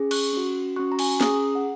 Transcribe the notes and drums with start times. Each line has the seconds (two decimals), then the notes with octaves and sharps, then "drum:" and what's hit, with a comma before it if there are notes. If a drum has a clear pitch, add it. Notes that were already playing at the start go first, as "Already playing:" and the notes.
Already playing: C#4 G#4
0.11 C#6 F#6, drum: cymbal
0.33 C#4 F#4
0.76 C#4 F#4 C#6 F#6
0.92 A#5
0.99 G#5 C#6, drum: cymbal
1.21 C#4 G#4 A#5 D#6, drum: snare
1.55 F#5